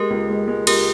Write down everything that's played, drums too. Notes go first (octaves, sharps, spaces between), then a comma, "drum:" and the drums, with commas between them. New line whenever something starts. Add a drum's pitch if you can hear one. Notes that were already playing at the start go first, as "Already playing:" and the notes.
Already playing: G#3 G4 A#4
C#2
G#3
G#3
C#2 G4 A#4, drum: cymbal